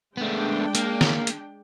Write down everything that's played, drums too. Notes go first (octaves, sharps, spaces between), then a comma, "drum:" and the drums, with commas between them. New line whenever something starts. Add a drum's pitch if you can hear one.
G#3 A3 B3 D4 G5
A#3, drum: hi-hat
drum: snare
drum: hi-hat